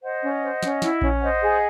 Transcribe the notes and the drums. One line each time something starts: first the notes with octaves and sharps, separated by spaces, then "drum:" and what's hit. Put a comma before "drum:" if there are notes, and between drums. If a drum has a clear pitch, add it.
C5 D#5 F#5
C#4
C5
C#4, drum: snare
E4, drum: snare
C#4, drum: kick A#1
C5 D#5 F#5
G#4